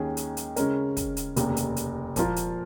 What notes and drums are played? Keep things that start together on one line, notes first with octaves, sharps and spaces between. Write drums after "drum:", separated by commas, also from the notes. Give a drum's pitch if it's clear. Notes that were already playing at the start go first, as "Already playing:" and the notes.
Already playing: D#2 D#3 C#4 G#4
drum: hi-hat
drum: hi-hat
C#3 G#3 C#4 A#4, drum: hi-hat
drum: kick, hi-hat
drum: hi-hat
F1 D#2 C#3 A#3, drum: hi-hat
drum: hi-hat
drum: hi-hat
A#2 F3 A#3 F4 A#4, drum: kick, hi-hat
drum: hi-hat